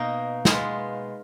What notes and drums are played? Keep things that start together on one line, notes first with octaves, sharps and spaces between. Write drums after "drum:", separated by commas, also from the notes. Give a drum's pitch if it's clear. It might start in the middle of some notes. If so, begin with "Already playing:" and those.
Already playing: B2 A#3 D#4
G#3 B3 F4, drum: snare